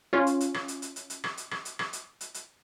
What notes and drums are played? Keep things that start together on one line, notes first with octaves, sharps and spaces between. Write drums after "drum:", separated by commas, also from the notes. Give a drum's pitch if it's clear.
C#4 F4
drum: hi-hat
drum: hi-hat
drum: rim click
drum: hi-hat
drum: hi-hat
drum: hi-hat
drum: hi-hat
drum: rim click
drum: hi-hat
drum: rim click
drum: hi-hat
drum: rim click
drum: hi-hat
drum: hi-hat
drum: hi-hat